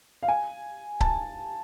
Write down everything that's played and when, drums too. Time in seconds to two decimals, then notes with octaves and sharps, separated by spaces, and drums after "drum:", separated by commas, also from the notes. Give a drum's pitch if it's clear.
0.23 F5
0.28 G#5
1.01 A5, drum: kick C#1